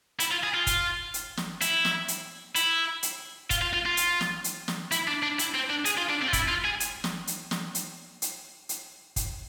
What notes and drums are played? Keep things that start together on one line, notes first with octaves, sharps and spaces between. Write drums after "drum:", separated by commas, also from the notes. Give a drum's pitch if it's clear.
E4, drum: hi-hat
F4
G#4
F4
drum: kick, hi-hat
drum: hi-hat
drum: snare
E4, drum: hi-hat
drum: snare
drum: hi-hat
E4, drum: hi-hat
drum: hi-hat
F4, drum: kick, hi-hat
F4
F4
F4
drum: hi-hat
drum: snare
drum: hi-hat
drum: snare
E4, drum: hi-hat
D4
D4
E4, drum: hi-hat
C4
D4
G#4, drum: hi-hat
F4
D4
C4
F4
E4, drum: kick, hi-hat
F4
G#4
drum: hi-hat
drum: snare
drum: hi-hat
drum: snare
drum: hi-hat
drum: hi-hat
drum: hi-hat
drum: kick, hi-hat